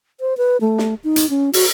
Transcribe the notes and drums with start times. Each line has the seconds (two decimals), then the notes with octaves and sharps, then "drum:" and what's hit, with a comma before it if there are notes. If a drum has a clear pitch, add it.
0.20 C5
0.37 B4
0.61 A3
0.78 drum: snare
1.04 D#4
1.16 drum: hi-hat
1.30 C#4
1.53 F#4, drum: open hi-hat